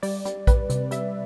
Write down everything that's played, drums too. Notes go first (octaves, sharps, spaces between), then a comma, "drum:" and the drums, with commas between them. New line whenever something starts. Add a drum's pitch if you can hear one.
G3 D5, drum: open hi-hat
G3, drum: hi-hat
G3 B4, drum: kick A#1, hi-hat
C3, drum: hi-hat
G3 E5, drum: hi-hat